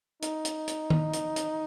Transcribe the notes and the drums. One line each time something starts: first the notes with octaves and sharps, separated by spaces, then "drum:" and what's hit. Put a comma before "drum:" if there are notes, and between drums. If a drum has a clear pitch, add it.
D#4, drum: hi-hat
drum: hi-hat
drum: hi-hat
drum: tom D#3
drum: hi-hat
drum: hi-hat